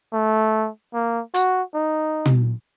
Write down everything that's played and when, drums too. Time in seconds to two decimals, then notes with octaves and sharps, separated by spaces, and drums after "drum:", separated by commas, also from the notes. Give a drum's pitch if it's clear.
0.13 A3
0.94 A#3
1.34 F#4, drum: hi-hat
1.74 D#4
2.26 drum: tom